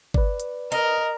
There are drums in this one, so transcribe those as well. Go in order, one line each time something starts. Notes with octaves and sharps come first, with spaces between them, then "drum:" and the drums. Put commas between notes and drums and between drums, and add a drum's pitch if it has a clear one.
B4 D5, drum: kick G1
drum: hi-hat
A#4 D#5